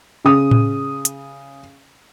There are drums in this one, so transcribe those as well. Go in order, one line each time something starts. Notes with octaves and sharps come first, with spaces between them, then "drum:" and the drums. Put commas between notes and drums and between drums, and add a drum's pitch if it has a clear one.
C#3 D#6
drum: tom A2
drum: hi-hat